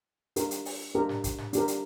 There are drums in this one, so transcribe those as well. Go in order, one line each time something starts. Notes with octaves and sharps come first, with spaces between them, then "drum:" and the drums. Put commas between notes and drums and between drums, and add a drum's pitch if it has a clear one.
D4 G4 A#4, drum: hi-hat
drum: hi-hat
drum: open hi-hat
D4 G4 A#4
drum: snare G#2
drum: kick, hi-hat
drum: snare G#2
D4 G4 A#4, drum: hi-hat
drum: hi-hat